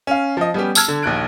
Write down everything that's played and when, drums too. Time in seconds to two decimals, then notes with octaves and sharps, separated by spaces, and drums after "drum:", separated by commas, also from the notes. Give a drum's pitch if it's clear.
0.07 C#4 F5
0.37 F3 D#5
0.54 G3 B3 C#4 G4
0.75 A5 E6 F6 G#6, drum: tambourine
0.88 D3
1.03 A#1 D#2 F#6 D7